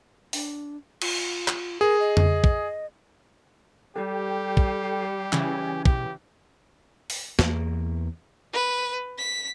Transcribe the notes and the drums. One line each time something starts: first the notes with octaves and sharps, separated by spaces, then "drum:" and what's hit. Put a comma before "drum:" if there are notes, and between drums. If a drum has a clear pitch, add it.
D4, drum: open hi-hat
F4, drum: cymbal
drum: clap
G#4 A#4
D#5
drum: tom F2
drum: kick
G3 G4 A4 G5
drum: kick
C#3 E3 C#4 G#5, drum: clap
B2 G4, drum: kick
drum: open hi-hat
E2 A#3, drum: snare
B4
B6